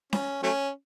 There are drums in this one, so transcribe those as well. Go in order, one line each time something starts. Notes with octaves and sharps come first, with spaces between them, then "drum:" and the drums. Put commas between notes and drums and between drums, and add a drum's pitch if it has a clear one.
C#4, drum: snare C#4
F#3 A3 C#4